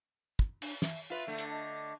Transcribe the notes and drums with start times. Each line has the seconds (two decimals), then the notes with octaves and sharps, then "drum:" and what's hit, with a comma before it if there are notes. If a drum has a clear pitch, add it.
0.39 drum: kick
0.62 D4, drum: cymbal
0.82 E5, drum: snare
1.10 F4 B4 E5
1.27 D3 A3
1.38 drum: hi-hat
1.51 D#5